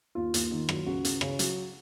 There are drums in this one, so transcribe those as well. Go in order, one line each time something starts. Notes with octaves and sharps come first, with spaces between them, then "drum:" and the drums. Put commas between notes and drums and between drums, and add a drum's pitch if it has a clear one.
D#2 F4
D#2, drum: hi-hat
D#3
F#3, drum: rim click
C#2 F#4
C#2, drum: hi-hat
C#3, drum: rim click
F#3, drum: hi-hat